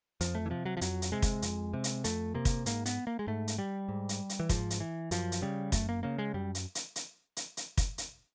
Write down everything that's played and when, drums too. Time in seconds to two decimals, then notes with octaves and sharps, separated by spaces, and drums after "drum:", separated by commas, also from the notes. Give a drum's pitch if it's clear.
0.21 F2 F3, drum: hi-hat
0.35 A3
0.46 E3
0.50 C3 F3
0.66 F#3
0.77 F3
0.81 F2 F#3, drum: hi-hat
1.02 drum: hi-hat
1.12 C3 G#3
1.22 drum: kick, hi-hat
1.42 F2, drum: hi-hat
1.74 C3
1.84 drum: hi-hat
2.04 F2 A3, drum: hi-hat
2.34 C3 A#3
2.45 drum: kick, hi-hat
2.66 G#2 A#3, drum: hi-hat
2.86 B3, drum: hi-hat
3.07 A#3
3.19 G#3
3.27 G#2 A3
3.48 drum: hi-hat
3.58 G3
3.89 G#2
4.09 drum: hi-hat
4.29 drum: hi-hat
4.40 E3
4.49 G#2 F3, drum: kick, hi-hat
4.70 drum: hi-hat
4.80 E3
5.11 F#2 F3, drum: hi-hat
5.32 drum: hi-hat
5.42 C#3 G3
5.72 F#2 A3, drum: kick, hi-hat
5.89 A#3
6.03 C#3 A#3
6.18 G#3
6.34 F#2 G3
6.55 drum: hi-hat
6.75 drum: hi-hat
6.96 drum: hi-hat
7.37 drum: hi-hat
7.57 drum: hi-hat
7.77 drum: kick, hi-hat
7.98 drum: hi-hat